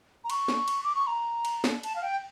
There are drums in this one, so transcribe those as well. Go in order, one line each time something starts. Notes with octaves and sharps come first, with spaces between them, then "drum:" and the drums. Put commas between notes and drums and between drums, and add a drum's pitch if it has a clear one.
A#5
C#6, drum: cymbal
drum: snare
drum: cymbal
D6
C#6
A#5
drum: cymbal
drum: snare
A5, drum: cymbal
F5
G5